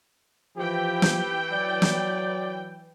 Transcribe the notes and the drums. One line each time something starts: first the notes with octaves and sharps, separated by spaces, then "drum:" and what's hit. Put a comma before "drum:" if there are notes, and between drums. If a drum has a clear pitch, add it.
E3 F3 G4 G5
drum: snare
F#3 D5
drum: snare